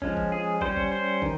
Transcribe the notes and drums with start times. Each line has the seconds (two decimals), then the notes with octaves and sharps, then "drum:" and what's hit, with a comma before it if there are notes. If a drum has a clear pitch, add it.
0.02 F3 G#3 C#4, drum: kick
0.17 drum: kick
0.32 G#4
0.61 G3 C#4 C5, drum: kick
0.77 drum: kick
0.92 C5
1.22 D#3, drum: kick